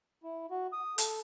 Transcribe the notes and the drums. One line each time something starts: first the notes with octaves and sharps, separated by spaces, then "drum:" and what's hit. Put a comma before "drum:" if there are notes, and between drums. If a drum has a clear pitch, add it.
E4
F#4
D#6
A4, drum: hi-hat